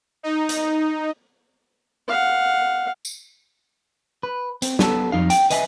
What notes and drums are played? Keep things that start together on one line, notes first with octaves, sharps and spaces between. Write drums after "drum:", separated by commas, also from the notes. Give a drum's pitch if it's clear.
D#4
drum: hi-hat
F5 F#5
drum: tambourine
B4
C4, drum: hi-hat
B3 A4, drum: snare
F2 D#4 F5
G5, drum: hi-hat
B4 D#5 E5 G#5, drum: hi-hat